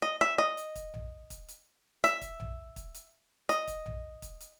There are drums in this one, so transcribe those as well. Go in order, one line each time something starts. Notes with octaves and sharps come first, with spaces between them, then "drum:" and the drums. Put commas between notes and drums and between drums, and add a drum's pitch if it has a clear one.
D#5
E5
D#5
drum: hi-hat
drum: kick, hi-hat
drum: tom A#1
drum: kick, hi-hat
drum: hi-hat
E5, drum: hi-hat
drum: kick, hi-hat
drum: tom A#1
drum: kick, hi-hat
drum: hi-hat
D#5, drum: hi-hat
drum: kick, hi-hat
drum: tom A#1
drum: kick, hi-hat
drum: hi-hat